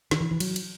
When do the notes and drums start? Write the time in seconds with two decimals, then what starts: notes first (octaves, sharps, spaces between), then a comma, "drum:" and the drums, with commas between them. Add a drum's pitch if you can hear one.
0.11 D#3, drum: snare
0.21 E3
0.31 E3
0.40 F#3, drum: cymbal
0.56 drum: cymbal